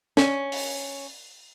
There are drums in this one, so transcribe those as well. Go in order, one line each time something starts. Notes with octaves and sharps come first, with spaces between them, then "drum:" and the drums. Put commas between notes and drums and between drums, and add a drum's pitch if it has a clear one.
C#4, drum: snare
drum: open hi-hat